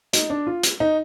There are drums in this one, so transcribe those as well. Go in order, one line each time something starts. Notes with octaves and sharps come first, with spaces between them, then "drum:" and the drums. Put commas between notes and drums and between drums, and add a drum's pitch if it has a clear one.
D#4, drum: hi-hat
D4
F4
drum: hi-hat
D#4